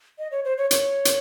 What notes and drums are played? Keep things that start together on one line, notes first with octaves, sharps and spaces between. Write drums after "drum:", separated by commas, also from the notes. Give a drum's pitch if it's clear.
D#5
C#5
C5
C#5
C#5, drum: hi-hat
drum: hi-hat